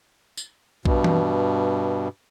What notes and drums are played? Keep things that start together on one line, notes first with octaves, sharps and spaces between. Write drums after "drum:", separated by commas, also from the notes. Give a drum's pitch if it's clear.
drum: tambourine
G2 B2, drum: kick A#1
drum: tom E3